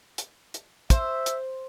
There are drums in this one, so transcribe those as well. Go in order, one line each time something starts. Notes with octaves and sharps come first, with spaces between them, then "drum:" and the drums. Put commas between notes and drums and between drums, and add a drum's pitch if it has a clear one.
drum: hi-hat
drum: hi-hat
C5 E5, drum: kick, hi-hat
drum: hi-hat